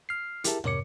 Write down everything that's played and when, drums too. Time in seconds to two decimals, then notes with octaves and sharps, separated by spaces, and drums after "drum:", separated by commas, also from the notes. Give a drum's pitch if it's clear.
0.09 F6 C7
0.44 E4 G4 G#4 A#4 E5 A5, drum: hi-hat
0.64 F2 C3 A#4 C#5 D6 C#7, drum: tom